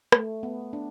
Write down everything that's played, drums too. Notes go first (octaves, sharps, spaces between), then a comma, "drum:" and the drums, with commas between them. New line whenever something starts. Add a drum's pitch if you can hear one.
A3, drum: rim click
B3
D4